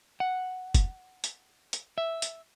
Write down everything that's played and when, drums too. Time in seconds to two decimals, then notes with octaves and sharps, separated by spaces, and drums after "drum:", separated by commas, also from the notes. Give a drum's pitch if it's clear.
0.20 F#5
0.75 drum: kick, hi-hat
1.24 drum: hi-hat
1.73 drum: hi-hat
1.98 E5
2.22 drum: hi-hat